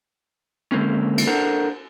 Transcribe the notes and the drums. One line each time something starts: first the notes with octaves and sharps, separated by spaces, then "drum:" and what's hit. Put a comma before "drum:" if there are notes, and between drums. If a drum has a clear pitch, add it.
D3 G#3 A#3 C4 C#4
drum: cymbal
D4 A4 A#4 C5 F#5